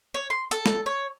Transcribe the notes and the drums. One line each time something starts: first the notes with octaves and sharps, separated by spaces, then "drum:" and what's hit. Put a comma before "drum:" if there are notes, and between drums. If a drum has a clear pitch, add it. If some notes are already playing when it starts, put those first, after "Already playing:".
C#5
C6
A4, drum: hi-hat
drum: snare
C#5